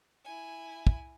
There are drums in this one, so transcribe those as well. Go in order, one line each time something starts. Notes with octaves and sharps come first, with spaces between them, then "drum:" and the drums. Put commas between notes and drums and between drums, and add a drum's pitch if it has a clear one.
E4 G#5
drum: kick